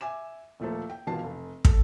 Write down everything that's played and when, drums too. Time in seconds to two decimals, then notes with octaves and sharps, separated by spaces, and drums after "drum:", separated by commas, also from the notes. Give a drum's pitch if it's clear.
0.01 E5 G#5 D6 E7
0.60 D#1 F3 A3 A#3 A4 C5
0.90 G5
1.07 G#1 B2 E3 F4 A5 C7
1.24 F1
1.65 A4, drum: kick